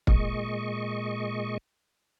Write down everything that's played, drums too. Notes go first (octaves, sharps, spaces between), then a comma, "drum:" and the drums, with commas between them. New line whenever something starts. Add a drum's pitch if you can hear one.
A#2 G#3 D#5 C#6, drum: kick